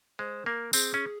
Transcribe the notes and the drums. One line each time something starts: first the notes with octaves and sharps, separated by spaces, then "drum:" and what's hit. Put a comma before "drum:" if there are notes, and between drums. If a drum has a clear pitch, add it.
G#3 C5
A#3 A#4
C4 G#4, drum: tambourine
C#4